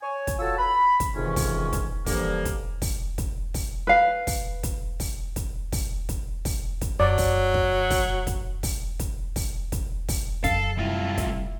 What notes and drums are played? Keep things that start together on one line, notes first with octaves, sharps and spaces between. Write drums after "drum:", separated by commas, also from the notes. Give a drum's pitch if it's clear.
C#5 G#5
drum: kick, hi-hat
F4 F#4 A4 C#5 A5 E6
B5
drum: kick, hi-hat
F2 G#2 C3 D#3 E3 C#4
drum: kick, open hi-hat
drum: kick, hi-hat
G2 D3 E3 F3 G3 A#3, drum: kick, open hi-hat
drum: kick, hi-hat
drum: kick, open hi-hat
drum: kick, hi-hat
drum: kick, open hi-hat
B4 F5
drum: kick, open hi-hat
drum: kick, hi-hat
drum: kick, open hi-hat
drum: kick, hi-hat
drum: kick, open hi-hat
drum: kick, hi-hat
drum: kick, open hi-hat
drum: kick, hi-hat
F#2 F#3 D5
drum: kick, open hi-hat
drum: kick
drum: kick, open hi-hat
drum: kick, hi-hat
drum: kick, open hi-hat
drum: kick, hi-hat
drum: kick, open hi-hat
drum: kick, hi-hat
drum: kick, open hi-hat
F#2 A4 F5, drum: kick, hi-hat
C2 A2 E4 F4
drum: kick, hi-hat